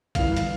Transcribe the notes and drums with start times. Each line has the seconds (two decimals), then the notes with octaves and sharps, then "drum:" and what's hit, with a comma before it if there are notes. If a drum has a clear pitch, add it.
0.15 G1 G2 E3 F5, drum: kick A#1, hi-hat
0.37 drum: hi-hat